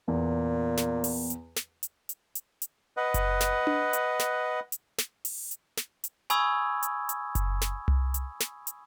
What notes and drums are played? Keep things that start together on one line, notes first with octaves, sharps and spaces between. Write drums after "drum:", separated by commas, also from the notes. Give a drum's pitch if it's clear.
E2 A#2
drum: snare
drum: open hi-hat
drum: hi-hat
drum: snare
drum: hi-hat
drum: hi-hat
drum: hi-hat
drum: hi-hat
B4 D#5 F#5
drum: kick F#1, hi-hat
drum: snare
drum: tom D4
drum: hi-hat
drum: snare
drum: hi-hat
drum: snare
drum: open hi-hat
drum: hi-hat
drum: snare
drum: hi-hat
G#5 B5 C#6 D#6 E6 G#6, drum: hi-hat
drum: hi-hat
drum: hi-hat
drum: kick F#1, hi-hat
drum: snare
drum: tom C2
drum: hi-hat
drum: snare
drum: hi-hat